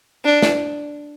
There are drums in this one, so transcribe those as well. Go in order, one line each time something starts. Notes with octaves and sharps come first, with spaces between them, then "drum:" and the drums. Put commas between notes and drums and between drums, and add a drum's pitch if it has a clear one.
D4
drum: snare